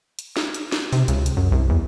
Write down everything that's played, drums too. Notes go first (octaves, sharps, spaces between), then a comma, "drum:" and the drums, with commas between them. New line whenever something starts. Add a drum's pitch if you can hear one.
drum: hi-hat
drum: snare
drum: hi-hat
drum: snare
C3, drum: open hi-hat
C#2, drum: hi-hat
drum: hi-hat
F#2
C2
E2